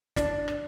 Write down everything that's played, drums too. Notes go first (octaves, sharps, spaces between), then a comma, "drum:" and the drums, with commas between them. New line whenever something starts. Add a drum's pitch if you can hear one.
D4, drum: snare
drum: rim click